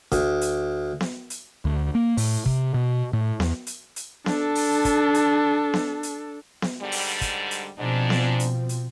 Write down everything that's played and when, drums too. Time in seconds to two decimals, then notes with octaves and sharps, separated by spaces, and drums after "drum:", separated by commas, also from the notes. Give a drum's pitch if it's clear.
0.12 D2, drum: kick, hi-hat
0.41 drum: hi-hat
1.01 drum: snare B3
1.30 drum: hi-hat
1.65 D2
1.95 A#3
2.17 A2, drum: open hi-hat
2.46 C3, drum: kick
2.74 B2
3.13 A2
3.40 E2, drum: snare B3
3.67 drum: hi-hat
3.96 drum: hi-hat
4.26 D4 A4, drum: snare B3
4.55 drum: open hi-hat
4.85 drum: kick, hi-hat
5.14 drum: hi-hat
5.74 drum: snare B3
6.03 drum: hi-hat
6.62 drum: snare B3
6.82 G#2 D3 G3
6.92 drum: open hi-hat
7.21 drum: kick, hi-hat
7.51 drum: hi-hat
7.79 G#2 B2 F3 C4 D4
8.10 drum: snare B3
8.40 drum: hi-hat
8.69 drum: hi-hat